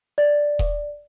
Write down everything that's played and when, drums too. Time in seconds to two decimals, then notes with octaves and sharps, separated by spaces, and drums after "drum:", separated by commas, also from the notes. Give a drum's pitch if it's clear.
0.18 D5
0.59 drum: kick D#1